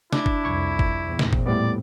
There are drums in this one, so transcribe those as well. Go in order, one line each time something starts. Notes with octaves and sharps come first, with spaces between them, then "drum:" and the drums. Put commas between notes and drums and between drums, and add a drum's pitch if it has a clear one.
D4 E4, drum: snare
drum: kick G1
C2 F2 B5 C#6 G#6
drum: kick G1
E2 A#2 C4
drum: snare
drum: kick G1
A2 G3 B3 D5